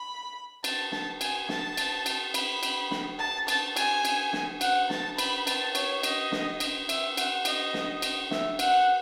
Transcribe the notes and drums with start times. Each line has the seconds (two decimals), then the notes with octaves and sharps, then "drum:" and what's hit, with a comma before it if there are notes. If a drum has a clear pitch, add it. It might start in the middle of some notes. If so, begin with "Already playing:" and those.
Already playing: B5
0.64 A5, drum: cymbal
0.92 A5, drum: snare
1.21 G#5, drum: cymbal
1.49 A5, drum: snare
1.77 drum: cymbal
2.06 drum: cymbal
2.34 B5, drum: cymbal
2.63 drum: cymbal
2.91 drum: snare
3.19 A5
3.48 A5, drum: cymbal
3.77 G#5, drum: cymbal
4.05 drum: cymbal
4.33 drum: snare
4.61 F#5, drum: cymbal
4.90 A5, drum: snare
5.18 B5, drum: cymbal
5.47 A5, drum: cymbal
5.75 C#5, drum: cymbal
6.03 D#5, drum: cymbal
6.32 drum: snare
6.60 drum: cymbal
6.89 E5, drum: cymbal
7.17 F#5, drum: cymbal
7.45 D#5, drum: cymbal
7.74 drum: snare
8.02 drum: cymbal
8.31 E5, drum: snare
8.59 F#5, drum: cymbal